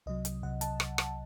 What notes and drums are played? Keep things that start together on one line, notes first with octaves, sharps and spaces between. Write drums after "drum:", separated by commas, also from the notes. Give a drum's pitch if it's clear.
C2 C3 F#3 D#5
drum: hi-hat
C2 C3 F#3 F#5
A5, drum: hi-hat
drum: rim click
drum: rim click